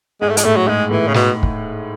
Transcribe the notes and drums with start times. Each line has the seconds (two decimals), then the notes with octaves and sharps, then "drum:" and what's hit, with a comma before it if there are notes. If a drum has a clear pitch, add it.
0.21 G#2 G#3
0.29 A3
0.37 G#3, drum: hi-hat
0.45 A2 A3
0.56 F#3
0.67 G#2 G#3
0.90 A2 E3
1.07 C#3
1.14 B2, drum: snare
1.43 drum: kick